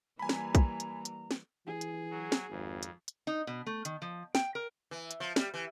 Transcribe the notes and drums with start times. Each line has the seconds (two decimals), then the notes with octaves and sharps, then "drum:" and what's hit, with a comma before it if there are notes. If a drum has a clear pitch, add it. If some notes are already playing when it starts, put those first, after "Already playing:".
0.19 E3 G3 A#3 G#5 A#5 B5
0.29 drum: snare
0.55 drum: kick, hi-hat
0.80 drum: hi-hat
1.05 drum: hi-hat
1.31 drum: snare
1.67 E3 G#4
1.81 drum: hi-hat
2.10 F#3
2.32 drum: snare
2.49 G#1 F2
2.83 drum: hi-hat
3.08 drum: hi-hat
3.27 D#4
3.47 B2
3.66 A3
3.85 D#3, drum: hi-hat
4.02 F3
4.35 G5, drum: snare
4.55 A#4
4.91 E3
5.11 drum: hi-hat
5.20 F3
5.36 G3, drum: snare
5.54 E3